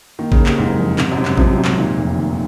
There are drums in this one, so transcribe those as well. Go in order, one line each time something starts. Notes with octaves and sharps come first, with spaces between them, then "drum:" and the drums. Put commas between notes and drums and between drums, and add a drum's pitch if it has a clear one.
D#3 A#3
C#3, drum: kick A1
A#3
C3, drum: clap
F#1 G#2
F2
G#2 C3, drum: clap
F#2
C3
G#2, drum: clap
C3 F3, drum: kick A1
F#3
C3
G#2, drum: clap
D#2 A#2
F1
D#2